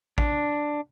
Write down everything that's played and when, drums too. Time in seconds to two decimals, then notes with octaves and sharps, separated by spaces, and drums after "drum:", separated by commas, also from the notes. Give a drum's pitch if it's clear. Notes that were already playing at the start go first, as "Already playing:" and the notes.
0.18 D4, drum: kick A1